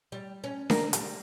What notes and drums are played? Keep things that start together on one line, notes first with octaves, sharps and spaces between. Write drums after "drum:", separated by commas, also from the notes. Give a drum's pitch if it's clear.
G3
C#4
A#4, drum: snare D4
G3, drum: hi-hat